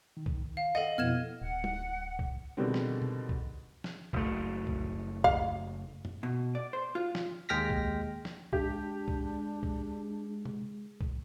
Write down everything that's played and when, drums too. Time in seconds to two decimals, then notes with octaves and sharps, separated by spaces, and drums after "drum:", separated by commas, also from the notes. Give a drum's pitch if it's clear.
0.17 D#3
0.26 drum: kick C2
0.57 F5
0.75 A4 D#5 F#5
0.98 F2 B2 B3 E4 F6 G#6 E7
1.42 D1 F#5
1.64 drum: tom
2.19 drum: kick C2
2.57 B2 D3 D#3 G3 G#3 C4
2.74 drum: snare
3.02 drum: tom C3
3.29 drum: kick C2
3.84 drum: snare
4.13 F#1 A3, drum: kick C2
4.67 drum: kick C2
5.24 F5, drum: kick C2
6.05 drum: tom
6.23 B2
6.55 D5
6.73 C5
6.95 F4
7.15 drum: snare
7.49 D#2 G#3 G5 F6 A#6 B6
7.70 drum: kick C2
8.25 drum: snare
8.53 G#3 D4 G4, drum: kick C2
9.08 drum: kick C2
9.63 drum: kick C2
10.45 drum: tom C3
11.01 drum: kick C2